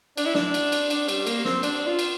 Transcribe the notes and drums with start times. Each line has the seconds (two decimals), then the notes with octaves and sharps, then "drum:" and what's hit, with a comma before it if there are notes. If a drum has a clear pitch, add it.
0.17 D4, drum: cymbal
0.26 E4
0.35 D4, drum: snare
0.54 drum: cymbal
0.72 drum: cymbal
0.90 D4, drum: cymbal
1.09 G3, drum: cymbal
1.27 A#3, drum: cymbal
1.45 C4, drum: snare
1.63 D4, drum: cymbal
1.87 F4
1.99 drum: cymbal